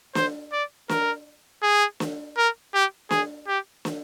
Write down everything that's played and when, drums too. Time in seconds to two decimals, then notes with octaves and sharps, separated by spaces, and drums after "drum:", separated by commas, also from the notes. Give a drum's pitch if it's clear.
0.15 C5, drum: snare
0.53 D5
0.89 A#4, drum: snare
1.63 G#4
2.00 drum: snare
2.38 A#4
2.74 G4
3.11 G#4, drum: snare
3.48 G4
3.85 drum: snare